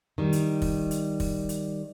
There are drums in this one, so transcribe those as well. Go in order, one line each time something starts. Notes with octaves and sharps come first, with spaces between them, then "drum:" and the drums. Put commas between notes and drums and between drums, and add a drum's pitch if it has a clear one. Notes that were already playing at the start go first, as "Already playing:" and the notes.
D#3 G3
drum: hi-hat
drum: kick, open hi-hat
drum: hi-hat
drum: kick, open hi-hat
drum: hi-hat